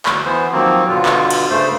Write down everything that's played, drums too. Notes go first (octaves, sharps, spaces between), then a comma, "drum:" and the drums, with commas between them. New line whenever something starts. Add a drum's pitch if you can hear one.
D2, drum: clap
E3 B3 C5
D#3 F3 F#3 A#3 C4
G2 B2 D3 F4
drum: clap
drum: cymbal
G2 C#3 A3 C5